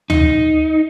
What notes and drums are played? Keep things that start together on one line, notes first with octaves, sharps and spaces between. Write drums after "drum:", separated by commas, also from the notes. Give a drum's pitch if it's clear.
D#4, drum: tom